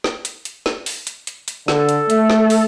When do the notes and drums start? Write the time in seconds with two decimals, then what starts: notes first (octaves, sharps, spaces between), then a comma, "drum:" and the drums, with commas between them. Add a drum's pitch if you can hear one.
0.04 drum: snare
0.25 drum: hi-hat
0.45 drum: hi-hat
0.66 drum: snare
0.86 drum: open hi-hat
1.07 drum: hi-hat
1.27 drum: hi-hat
1.48 drum: hi-hat
1.68 D3 A4, drum: snare
1.89 drum: hi-hat
2.10 A3, drum: hi-hat
2.30 drum: snare
2.50 drum: open hi-hat